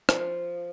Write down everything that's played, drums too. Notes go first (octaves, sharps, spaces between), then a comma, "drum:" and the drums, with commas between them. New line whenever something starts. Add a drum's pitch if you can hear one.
F3, drum: rim click